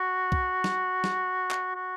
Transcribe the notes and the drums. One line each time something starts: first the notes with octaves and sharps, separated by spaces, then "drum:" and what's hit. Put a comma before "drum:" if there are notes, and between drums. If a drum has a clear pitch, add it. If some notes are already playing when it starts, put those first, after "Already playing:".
Already playing: F#4
drum: kick
drum: snare
drum: snare
drum: clap
F#4